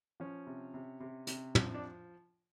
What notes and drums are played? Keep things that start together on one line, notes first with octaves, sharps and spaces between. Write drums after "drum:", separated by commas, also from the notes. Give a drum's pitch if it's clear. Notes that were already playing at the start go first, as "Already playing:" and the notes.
F3 C#4
C3
C3
C3
C3, drum: hi-hat
F3, drum: tom
D4